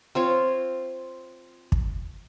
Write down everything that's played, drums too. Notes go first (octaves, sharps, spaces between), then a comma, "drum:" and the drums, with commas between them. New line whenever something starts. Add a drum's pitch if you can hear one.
C4 F4 C#5
drum: kick